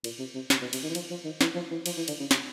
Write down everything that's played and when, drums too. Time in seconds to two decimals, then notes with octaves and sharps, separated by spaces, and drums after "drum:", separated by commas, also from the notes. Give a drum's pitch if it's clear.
0.04 A#2, drum: cymbal
0.19 C3
0.34 C3
0.50 C3, drum: snare
0.62 B2
0.73 C3, drum: cymbal
0.83 D#3
0.89 E3
0.95 F3, drum: cymbal
1.10 F3
1.25 D#3
1.41 E3, drum: snare
1.55 F3
1.71 E3
1.86 F3, drum: cymbal
1.97 E3
2.08 D3, drum: cymbal
2.20 C#3
2.31 C3, drum: snare